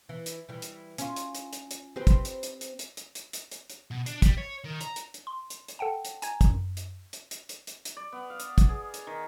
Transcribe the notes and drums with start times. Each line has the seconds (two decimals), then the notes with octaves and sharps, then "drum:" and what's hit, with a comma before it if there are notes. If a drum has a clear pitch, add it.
0.09 E3
0.26 drum: hi-hat
0.49 E3 G3
0.62 drum: hi-hat
0.98 C#4 F4, drum: hi-hat
1.16 drum: hi-hat
1.35 drum: hi-hat
1.53 drum: hi-hat
1.71 drum: hi-hat
1.96 C4 G4 B4
2.07 drum: kick, hi-hat
2.25 drum: hi-hat
2.43 drum: hi-hat
2.61 drum: hi-hat
2.79 drum: hi-hat
2.97 drum: hi-hat
3.15 drum: hi-hat
3.33 drum: hi-hat
3.51 drum: hi-hat
3.70 drum: hi-hat
3.91 B2
4.06 D4, drum: hi-hat
4.22 G3, drum: kick, hi-hat
4.38 C#5
4.64 D#3
4.81 A#5, drum: hi-hat
4.96 drum: hi-hat
5.14 drum: hi-hat
5.27 C6
5.50 drum: hi-hat
5.68 drum: hi-hat
5.79 A4 F#5 G5 A5
6.05 drum: hi-hat
6.22 G#5 A#5 G#6, drum: hi-hat
6.41 drum: kick, hi-hat
6.50 F#2
6.77 drum: hi-hat
7.13 drum: hi-hat
7.31 drum: hi-hat
7.49 drum: hi-hat
7.67 drum: hi-hat
7.85 drum: hi-hat
7.97 D5
8.12 B3
8.30 F5
8.40 drum: hi-hat
8.58 drum: kick, hi-hat
8.69 G#4
8.94 drum: hi-hat
9.07 D#3